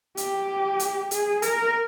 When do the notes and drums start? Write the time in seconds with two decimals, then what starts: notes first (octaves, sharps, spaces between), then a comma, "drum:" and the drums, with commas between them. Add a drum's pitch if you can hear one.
0.17 G4, drum: hi-hat
0.80 drum: hi-hat
1.11 G#4, drum: hi-hat
1.42 A#4, drum: hi-hat